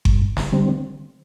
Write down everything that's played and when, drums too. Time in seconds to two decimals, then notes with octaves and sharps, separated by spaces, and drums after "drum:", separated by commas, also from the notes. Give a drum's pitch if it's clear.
0.05 G2, drum: kick G1
0.37 drum: snare
0.52 D3 G3 C4